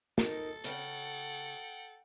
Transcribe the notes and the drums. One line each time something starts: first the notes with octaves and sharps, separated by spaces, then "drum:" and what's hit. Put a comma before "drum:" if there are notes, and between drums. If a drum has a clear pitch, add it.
D#4 A4 A#4, drum: snare
C#3 F#5 G5, drum: hi-hat